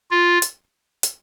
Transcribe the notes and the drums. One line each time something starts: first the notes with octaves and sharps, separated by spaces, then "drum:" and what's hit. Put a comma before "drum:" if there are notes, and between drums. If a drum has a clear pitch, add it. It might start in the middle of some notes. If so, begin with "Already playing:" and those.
F4
drum: hi-hat
drum: hi-hat